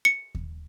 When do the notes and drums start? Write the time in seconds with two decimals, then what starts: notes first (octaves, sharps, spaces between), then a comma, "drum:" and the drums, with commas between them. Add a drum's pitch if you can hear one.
0.05 C#7
0.35 drum: kick D#2